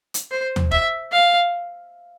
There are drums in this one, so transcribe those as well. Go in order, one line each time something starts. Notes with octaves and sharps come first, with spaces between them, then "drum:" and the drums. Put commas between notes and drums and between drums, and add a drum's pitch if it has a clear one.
drum: hi-hat
C5
drum: tom D#2
E5, drum: kick F1
F5